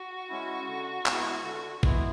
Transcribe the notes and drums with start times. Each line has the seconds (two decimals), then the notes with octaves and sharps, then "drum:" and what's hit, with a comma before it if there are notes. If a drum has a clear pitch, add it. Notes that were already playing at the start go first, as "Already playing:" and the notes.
Already playing: F#4
0.29 G#3 C#4 E4
0.68 D3
1.06 G#3 B3 E4, drum: clap
1.45 D3
1.83 G#3 B3 E4, drum: kick